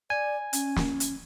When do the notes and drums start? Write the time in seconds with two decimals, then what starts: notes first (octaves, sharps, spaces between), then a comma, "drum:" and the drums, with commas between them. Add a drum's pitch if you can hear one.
0.10 D5 G#5
0.53 C#4, drum: hi-hat
0.76 drum: snare
1.00 drum: hi-hat